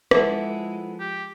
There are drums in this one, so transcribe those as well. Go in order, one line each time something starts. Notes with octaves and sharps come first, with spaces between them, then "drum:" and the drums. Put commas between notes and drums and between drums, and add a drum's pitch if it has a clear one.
F3 G#3 B3 E4 A4, drum: rim click
G4